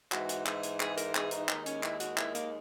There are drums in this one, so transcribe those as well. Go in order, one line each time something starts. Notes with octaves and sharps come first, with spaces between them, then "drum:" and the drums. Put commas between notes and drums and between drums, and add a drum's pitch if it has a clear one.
G#2 E3 G#3 F#4, drum: clap
drum: hi-hat
G#4, drum: clap
drum: hi-hat
G#4, drum: clap
A#4, drum: hi-hat
G#4, drum: clap
D#4, drum: hi-hat
D#2 D#3 G#3 D#4, drum: clap
C#4, drum: hi-hat
E4, drum: clap
F#4, drum: hi-hat
E4, drum: clap
A#3, drum: hi-hat